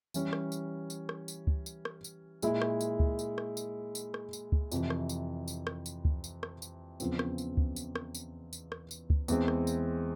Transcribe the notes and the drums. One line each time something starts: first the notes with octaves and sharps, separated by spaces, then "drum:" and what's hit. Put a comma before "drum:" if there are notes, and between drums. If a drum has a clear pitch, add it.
E3 G3 C#4, drum: tambourine
drum: rim click
drum: tambourine
drum: tambourine
drum: rim click
drum: tambourine
drum: kick C#2
drum: tambourine
drum: rim click
drum: tambourine
A#2 G#3 E4, drum: tambourine
drum: rim click
drum: tambourine
drum: kick C#2
drum: tambourine
drum: rim click
drum: tambourine
drum: tambourine
drum: rim click
drum: tambourine
drum: kick C#2
F2 C3 E3, drum: tambourine
drum: rim click
drum: tambourine
drum: tambourine
drum: rim click
drum: tambourine
drum: kick C#2
drum: tambourine
drum: rim click
drum: tambourine
E2 C#3 F3 C4, drum: tambourine
drum: rim click
drum: tambourine
drum: kick C#2
drum: tambourine
drum: rim click
drum: tambourine
drum: tambourine
drum: rim click
drum: tambourine
drum: kick C#2
E2 E3 G#3 C4, drum: tambourine
drum: rim click
drum: tambourine